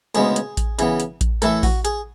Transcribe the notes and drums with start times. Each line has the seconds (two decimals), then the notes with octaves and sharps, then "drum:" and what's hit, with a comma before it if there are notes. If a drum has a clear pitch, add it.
0.15 D2 C#3 G#3 B3 G#4, drum: hi-hat
0.36 drum: hi-hat
0.57 drum: kick A1, hi-hat
0.79 C#3 E3 B3, drum: hi-hat
1.00 drum: hi-hat
1.21 drum: kick A1, hi-hat
1.42 A2 E3 A3 E4 A4, drum: hi-hat
1.63 F#4, drum: kick A1, open hi-hat
1.85 G#4, drum: hi-hat